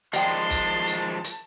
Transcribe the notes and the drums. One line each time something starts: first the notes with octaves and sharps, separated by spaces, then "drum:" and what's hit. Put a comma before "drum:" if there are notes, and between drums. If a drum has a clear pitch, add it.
D#3 F3 G#3 D5 G5 A5 C6, drum: hi-hat
drum: kick, hi-hat
drum: hi-hat
drum: hi-hat